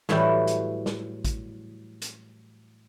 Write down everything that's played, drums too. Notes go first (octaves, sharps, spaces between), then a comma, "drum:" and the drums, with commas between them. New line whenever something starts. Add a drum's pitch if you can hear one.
A2 E3 F#3 G3 E4, drum: snare
drum: hi-hat
drum: snare
drum: kick A1, hi-hat
drum: hi-hat